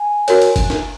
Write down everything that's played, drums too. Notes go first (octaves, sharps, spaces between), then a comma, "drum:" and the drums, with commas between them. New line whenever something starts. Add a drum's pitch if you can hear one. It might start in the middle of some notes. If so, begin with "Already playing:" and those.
Already playing: G#5
F#4 A#4 C#5, drum: cymbal
drum: cymbal
drum: kick G1, cymbal
drum: snare